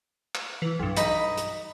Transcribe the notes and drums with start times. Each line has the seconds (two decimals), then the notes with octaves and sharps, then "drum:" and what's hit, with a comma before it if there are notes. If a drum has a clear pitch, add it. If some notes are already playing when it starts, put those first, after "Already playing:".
0.35 drum: clap
0.62 E3
0.79 B1 G2
0.97 D#4 B5, drum: hi-hat
1.37 drum: hi-hat